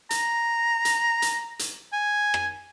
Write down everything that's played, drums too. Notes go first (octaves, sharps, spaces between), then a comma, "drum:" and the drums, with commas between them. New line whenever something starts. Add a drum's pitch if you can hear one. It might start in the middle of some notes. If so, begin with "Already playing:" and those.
A#5, drum: hi-hat
drum: hi-hat
drum: hi-hat
drum: hi-hat
G#5
drum: rim click